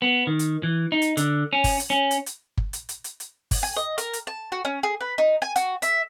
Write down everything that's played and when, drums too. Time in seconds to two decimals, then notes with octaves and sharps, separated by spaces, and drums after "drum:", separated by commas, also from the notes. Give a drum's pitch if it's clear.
0.02 B3
0.27 D#3
0.39 drum: hi-hat
0.63 E3
0.92 D#4
1.02 drum: hi-hat
1.17 D3, drum: hi-hat
1.53 C#4
1.64 drum: kick G1, open hi-hat
1.80 drum: hi-hat
1.90 C#4
2.11 drum: hi-hat
2.26 drum: hi-hat
2.57 drum: kick G1
2.73 drum: hi-hat
2.89 drum: hi-hat
3.04 drum: hi-hat
3.20 drum: hi-hat
3.51 drum: kick G1, open hi-hat
3.63 G#5
3.76 D#5
3.98 A#4, drum: hi-hat
4.13 drum: hi-hat
4.27 A5
4.52 F#4
4.65 C#4
4.83 G#4
5.01 B4
5.18 D#4
5.42 G#5
5.56 F#4, drum: hi-hat
5.82 E5, drum: hi-hat